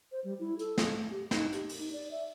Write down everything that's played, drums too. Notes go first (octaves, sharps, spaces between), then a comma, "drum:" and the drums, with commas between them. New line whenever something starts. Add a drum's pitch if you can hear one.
C5
G3
E4
A4, drum: hi-hat
drum: snare
A3
G4
D#4, drum: snare
G4, drum: hi-hat
drum: open hi-hat
D#4
D5
E5